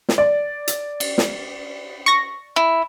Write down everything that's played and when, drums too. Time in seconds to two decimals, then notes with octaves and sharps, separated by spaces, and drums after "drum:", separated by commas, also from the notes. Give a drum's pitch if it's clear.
0.09 drum: snare
0.18 D5
0.68 drum: hi-hat
1.00 drum: cymbal
1.18 drum: snare
2.06 C#6 A#6
2.56 E4